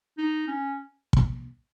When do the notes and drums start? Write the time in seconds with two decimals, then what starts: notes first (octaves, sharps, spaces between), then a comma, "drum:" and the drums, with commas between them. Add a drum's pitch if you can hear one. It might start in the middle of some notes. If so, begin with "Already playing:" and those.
0.18 D#4
0.47 C#4
1.13 drum: kick